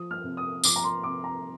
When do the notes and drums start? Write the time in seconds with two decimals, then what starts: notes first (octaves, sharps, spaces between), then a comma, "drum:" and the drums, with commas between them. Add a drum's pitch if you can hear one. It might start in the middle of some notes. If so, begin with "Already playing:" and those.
Already playing: F3 D#6
0.11 F6
0.24 C3
0.37 D#6
0.64 F3 D6, drum: tambourine
0.76 A#5
0.84 C6
1.03 C3 D6
1.24 A#5